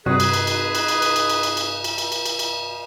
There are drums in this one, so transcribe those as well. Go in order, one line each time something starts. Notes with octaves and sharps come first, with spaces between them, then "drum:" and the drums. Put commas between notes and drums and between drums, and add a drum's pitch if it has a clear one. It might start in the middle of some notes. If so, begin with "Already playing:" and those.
G2 C3 D#4 F#4 G#4 B4
drum: cymbal
drum: cymbal
drum: cymbal
drum: cymbal
drum: cymbal
drum: cymbal
drum: cymbal
drum: cymbal
drum: cymbal
drum: cymbal
drum: cymbal
drum: cymbal
drum: cymbal
drum: cymbal
drum: cymbal